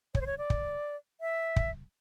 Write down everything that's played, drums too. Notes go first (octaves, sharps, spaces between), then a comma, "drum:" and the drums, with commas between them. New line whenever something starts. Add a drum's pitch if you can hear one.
C#5, drum: kick
C5
C#5
D5
drum: kick
E5
drum: kick